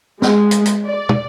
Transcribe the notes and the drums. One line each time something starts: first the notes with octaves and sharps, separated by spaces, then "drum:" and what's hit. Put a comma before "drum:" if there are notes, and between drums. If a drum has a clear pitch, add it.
G#3, drum: snare
drum: hi-hat
drum: hi-hat
D5
drum: tom